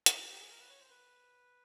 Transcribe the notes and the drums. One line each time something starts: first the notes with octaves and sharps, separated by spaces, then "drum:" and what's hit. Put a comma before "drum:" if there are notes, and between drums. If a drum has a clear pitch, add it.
drum: hi-hat
G4
G4
G#4
A#4
B4
C#5
C5
B4